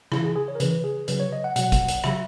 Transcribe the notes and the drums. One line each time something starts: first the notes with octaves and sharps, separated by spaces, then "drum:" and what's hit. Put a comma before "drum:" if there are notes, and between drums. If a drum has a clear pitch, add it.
C#3 E3 E4, drum: rim click
G#4
G#4
C#5
A#4
C#3 E3 B4, drum: hi-hat
G#4
C#3 F#3 B4, drum: hi-hat
C#5
D#5
F#5
B2 F#3 F#5, drum: hi-hat
drum: kick, hi-hat
drum: hi-hat
C#3 F#3 E5, drum: rim click